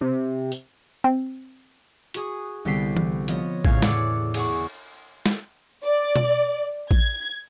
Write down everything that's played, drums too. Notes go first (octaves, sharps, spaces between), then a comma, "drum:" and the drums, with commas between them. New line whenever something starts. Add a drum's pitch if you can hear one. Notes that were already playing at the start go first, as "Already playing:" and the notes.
C3
drum: tambourine
C4
F#4 G#4 D#6, drum: hi-hat
C2 D3 B3 G5 B6 C7
drum: tom E3
F3 B3 C#5 D#5, drum: hi-hat
E2 A2 C#3 F5 G#6, drum: kick A1
D5 F#5 D6 E6 C#7, drum: snare
G#4 F#5 C#6, drum: cymbal
drum: snare
D5
drum: tom B2
G#6, drum: kick A1